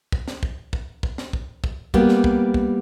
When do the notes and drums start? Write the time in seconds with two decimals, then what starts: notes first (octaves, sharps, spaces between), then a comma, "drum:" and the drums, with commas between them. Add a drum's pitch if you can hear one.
0.12 drum: kick
0.28 drum: snare
0.43 drum: kick
0.73 drum: kick
1.03 drum: kick
1.18 drum: snare
1.33 drum: kick
1.64 drum: kick
1.94 G3 A#3 B3, drum: kick
2.09 drum: snare
2.24 drum: kick
2.54 drum: kick